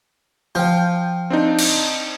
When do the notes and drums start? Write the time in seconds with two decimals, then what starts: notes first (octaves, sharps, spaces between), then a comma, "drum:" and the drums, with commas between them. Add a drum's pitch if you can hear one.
0.55 F3 G5 G6
1.30 C4 D4 D#4
1.59 drum: cymbal